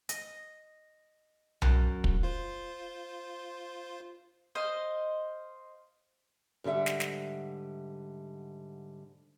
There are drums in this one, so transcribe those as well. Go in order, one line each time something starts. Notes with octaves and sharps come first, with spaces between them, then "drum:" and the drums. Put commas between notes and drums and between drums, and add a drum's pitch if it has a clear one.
D#5, drum: hi-hat
F#2, drum: tom B1
drum: kick
F4 C5
C5 D#5 F5
G#2 D3 G3 E5 F#5
drum: snare
drum: snare